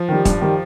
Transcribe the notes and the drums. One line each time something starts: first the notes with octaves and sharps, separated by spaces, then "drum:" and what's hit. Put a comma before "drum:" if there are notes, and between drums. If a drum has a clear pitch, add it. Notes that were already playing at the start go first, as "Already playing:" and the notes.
Already playing: F3
D#3 G3
G2, drum: kick D#1, hi-hat
D#3 G3